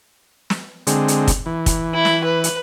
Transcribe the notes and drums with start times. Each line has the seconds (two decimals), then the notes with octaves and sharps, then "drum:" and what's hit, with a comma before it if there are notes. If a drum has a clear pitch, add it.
0.50 drum: snare
0.87 D3 G#3 C4, drum: hi-hat
1.08 drum: hi-hat
1.28 drum: kick, hi-hat
1.46 E3
1.66 drum: kick, hi-hat
1.94 E4
2.05 drum: snare
2.24 B4
2.44 drum: hi-hat